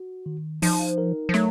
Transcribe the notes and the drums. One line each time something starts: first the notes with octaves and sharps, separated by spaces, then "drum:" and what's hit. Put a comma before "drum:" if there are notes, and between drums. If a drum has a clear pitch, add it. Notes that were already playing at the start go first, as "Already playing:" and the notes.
Already playing: F#4
D#3
F3 D#4, drum: open hi-hat
A#4
F3
F#3 A3, drum: snare